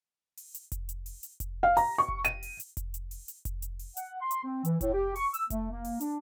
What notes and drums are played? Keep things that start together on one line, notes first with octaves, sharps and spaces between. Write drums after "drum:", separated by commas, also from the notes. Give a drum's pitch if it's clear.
drum: open hi-hat
drum: hi-hat
drum: kick F1, hi-hat
drum: hi-hat
drum: open hi-hat
drum: hi-hat
drum: kick F1, hi-hat
F5
A#5, drum: open hi-hat
C#6
drum: kick F1
D#7, drum: hi-hat
drum: open hi-hat
drum: hi-hat
drum: kick F1, hi-hat
drum: hi-hat
drum: open hi-hat
drum: hi-hat
drum: kick F1, hi-hat
drum: hi-hat
drum: open hi-hat
F#5, drum: hi-hat
C6
drum: hi-hat
C4
E3, drum: hi-hat
A2, drum: kick F1, hi-hat
G4
C#6, drum: open hi-hat
E6, drum: hi-hat
A3, drum: kick F1, hi-hat
A#3
drum: open hi-hat
D4, drum: hi-hat